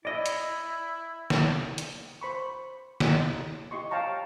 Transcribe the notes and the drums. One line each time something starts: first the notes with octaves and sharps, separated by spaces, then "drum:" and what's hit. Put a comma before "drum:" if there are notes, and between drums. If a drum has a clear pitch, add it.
E4 D5 D#5
drum: hi-hat
drum: snare
drum: hi-hat
C5 B5 C#6
D#5, drum: snare
E4 G4 D#5 C6 C#6
C#5 F5 G5 A5 A#5 C#6